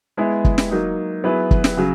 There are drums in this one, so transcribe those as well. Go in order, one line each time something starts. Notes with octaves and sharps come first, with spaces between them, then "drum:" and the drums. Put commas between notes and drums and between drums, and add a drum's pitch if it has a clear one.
G#3 B3 E4 G#4
drum: kick
drum: snare
F#3 A#3 D#4
F#3 B3 E4 G#4 B4
drum: kick
drum: snare
C#3 F#3